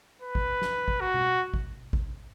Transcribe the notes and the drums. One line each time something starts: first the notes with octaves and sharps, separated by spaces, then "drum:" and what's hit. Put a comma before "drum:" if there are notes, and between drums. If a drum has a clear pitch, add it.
B4
drum: kick G#1
drum: snare
drum: kick G#1
F#4
drum: tom B2
drum: kick G#1
drum: kick G#1